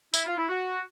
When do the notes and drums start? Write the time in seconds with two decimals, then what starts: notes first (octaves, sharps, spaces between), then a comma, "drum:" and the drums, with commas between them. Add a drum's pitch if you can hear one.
0.14 E4, drum: tambourine
0.26 F4
0.37 E4
0.49 F#4